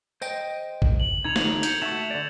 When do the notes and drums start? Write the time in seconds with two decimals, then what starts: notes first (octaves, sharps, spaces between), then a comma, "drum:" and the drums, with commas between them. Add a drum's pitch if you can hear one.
0.22 C5 D#5 G5, drum: tambourine
0.82 drum: kick G#1
1.00 F#7
1.24 D3 D#4 G#6 F7
1.36 drum: snare
1.63 G6 C#7, drum: hi-hat
1.82 A3 F#4 E5 C#6 E7
2.11 D3 D5